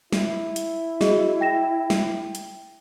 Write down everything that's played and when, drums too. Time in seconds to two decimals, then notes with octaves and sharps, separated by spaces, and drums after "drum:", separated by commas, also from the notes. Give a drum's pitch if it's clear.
0.12 E4, drum: snare
0.56 drum: hi-hat
1.01 F#4 G#4 D#5, drum: snare
1.41 G5 A#6 E7
1.90 drum: snare
2.35 drum: hi-hat